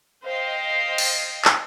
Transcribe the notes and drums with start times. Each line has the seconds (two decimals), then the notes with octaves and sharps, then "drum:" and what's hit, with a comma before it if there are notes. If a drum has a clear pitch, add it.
0.24 C5 D#5 F5 G5 C7
0.98 drum: cymbal
1.45 drum: clap